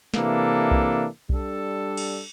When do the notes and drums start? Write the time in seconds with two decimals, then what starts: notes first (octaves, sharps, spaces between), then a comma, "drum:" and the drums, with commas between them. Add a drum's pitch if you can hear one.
0.14 C3 E3 A#3 D4 A4, drum: snare
0.71 drum: kick B1
1.29 G3 D4 A4, drum: kick B1
1.97 drum: cymbal